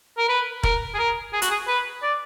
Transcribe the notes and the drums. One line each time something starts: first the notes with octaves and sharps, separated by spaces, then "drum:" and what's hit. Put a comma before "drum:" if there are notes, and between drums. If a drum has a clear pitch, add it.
A#4
B4
A#4, drum: kick
G#4
A#4
G#4
F#4, drum: hi-hat
G#4
B4
D5